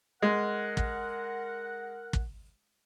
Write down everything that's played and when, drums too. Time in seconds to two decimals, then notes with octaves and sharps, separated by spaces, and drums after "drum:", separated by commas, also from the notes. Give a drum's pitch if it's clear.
0.22 G#3 A#4 F#5
0.77 drum: kick
2.13 drum: kick